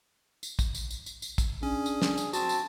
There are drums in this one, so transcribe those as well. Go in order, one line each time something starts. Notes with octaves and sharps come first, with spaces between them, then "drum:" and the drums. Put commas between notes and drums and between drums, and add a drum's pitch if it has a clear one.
drum: tambourine
drum: kick, tambourine
drum: tambourine
drum: tambourine
drum: tambourine
drum: tambourine
drum: kick, tambourine
C#4 D4 G#4
drum: tambourine
drum: snare
drum: tambourine
C4 F#4 A5, drum: tambourine
drum: tambourine